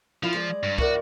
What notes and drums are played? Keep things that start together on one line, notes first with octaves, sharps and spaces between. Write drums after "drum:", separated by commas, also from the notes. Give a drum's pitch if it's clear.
F3 E4 F4
G#3 D5
G2
E2 F#4 A#4 D5, drum: kick